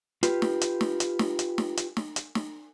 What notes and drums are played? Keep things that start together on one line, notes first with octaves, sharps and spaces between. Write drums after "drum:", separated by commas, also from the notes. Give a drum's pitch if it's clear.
F4 G4 B4, drum: hi-hat
drum: snare
drum: hi-hat
drum: snare
drum: hi-hat
drum: snare
drum: hi-hat
drum: snare
drum: hi-hat
drum: snare
drum: hi-hat
drum: snare